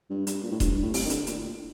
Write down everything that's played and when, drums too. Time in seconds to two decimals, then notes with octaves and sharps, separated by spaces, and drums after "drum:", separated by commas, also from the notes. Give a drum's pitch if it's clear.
0.10 G2
0.27 G2, drum: hi-hat
0.43 A#2
0.52 A2
0.60 G2, drum: kick D#1, hi-hat
0.71 G2
0.83 A2
0.94 C3, drum: open hi-hat
1.05 D#3
1.10 D3, drum: hi-hat
1.27 A#2, drum: hi-hat
1.38 A2